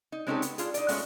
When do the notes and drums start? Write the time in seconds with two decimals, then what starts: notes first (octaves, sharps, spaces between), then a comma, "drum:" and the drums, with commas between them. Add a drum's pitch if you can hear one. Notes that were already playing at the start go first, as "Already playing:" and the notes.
0.12 D#4
0.27 G#3 C4 C#4 D#4 G4 A4
0.42 B3, drum: hi-hat
0.58 D4 F4 G#4, drum: hi-hat
0.74 D#4 D5, drum: hi-hat
0.88 B2 G#3 A3 C#4 F4 F#5, drum: open hi-hat